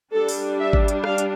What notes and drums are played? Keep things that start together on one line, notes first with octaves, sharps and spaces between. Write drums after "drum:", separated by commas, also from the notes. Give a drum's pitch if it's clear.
G3 D4 A4
drum: open hi-hat
E5
drum: kick G#1
drum: hi-hat
F5, drum: rim click
drum: hi-hat